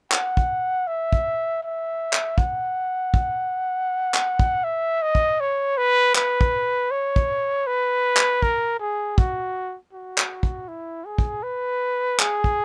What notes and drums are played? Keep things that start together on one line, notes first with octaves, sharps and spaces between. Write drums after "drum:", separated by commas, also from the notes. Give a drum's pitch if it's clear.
F#5, drum: clap
drum: kick
E5
drum: kick
E5
drum: clap
F#5, drum: kick
drum: kick
drum: clap
drum: kick
E5
D#5
drum: kick
C#5
B4
B4, drum: clap
drum: kick
C#5
drum: kick
B4
drum: clap
A#4, drum: kick
G#4
F#4, drum: kick
F#4
drum: clap
drum: kick
E4
G#4
drum: kick
B4
G#4, drum: clap
drum: kick